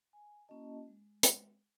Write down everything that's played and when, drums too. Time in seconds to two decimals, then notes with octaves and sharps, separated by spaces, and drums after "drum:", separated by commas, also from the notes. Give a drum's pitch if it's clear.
0.13 G#5
0.48 A#3 C#4 E4 F#4 D#5 A5
0.88 G#3
1.23 drum: hi-hat